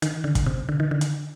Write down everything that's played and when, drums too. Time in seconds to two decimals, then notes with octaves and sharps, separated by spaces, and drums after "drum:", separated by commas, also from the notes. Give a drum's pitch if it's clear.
0.02 D#3, drum: hi-hat
0.24 D3
0.35 drum: kick, hi-hat
0.46 C3
0.69 D3
0.80 D#3
0.91 D3
1.01 drum: hi-hat